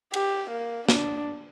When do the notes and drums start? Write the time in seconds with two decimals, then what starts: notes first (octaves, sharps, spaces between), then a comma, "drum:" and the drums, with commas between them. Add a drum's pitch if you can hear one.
0.14 G4, drum: cymbal
0.51 A#3
0.89 D4, drum: snare